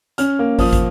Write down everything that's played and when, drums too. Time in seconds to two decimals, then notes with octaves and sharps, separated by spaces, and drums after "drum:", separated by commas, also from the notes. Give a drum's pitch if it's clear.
0.18 C#4 F6, drum: hi-hat
0.39 A#3
0.59 F3 D#6, drum: kick, open hi-hat
0.73 drum: kick, hi-hat